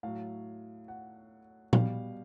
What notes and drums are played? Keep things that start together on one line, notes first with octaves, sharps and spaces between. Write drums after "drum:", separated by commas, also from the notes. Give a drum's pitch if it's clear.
A2 F#3 F5
F#5
B2 G3 F5, drum: tom A#2